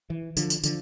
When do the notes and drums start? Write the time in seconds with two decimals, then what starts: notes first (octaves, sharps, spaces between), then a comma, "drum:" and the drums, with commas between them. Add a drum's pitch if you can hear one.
0.10 E3
0.37 D3 F3, drum: tambourine
0.50 drum: tambourine
0.64 D3 F3, drum: tambourine